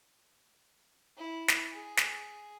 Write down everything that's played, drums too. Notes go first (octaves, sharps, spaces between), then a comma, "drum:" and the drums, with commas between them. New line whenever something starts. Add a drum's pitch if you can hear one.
E4
drum: snare
G#4
drum: snare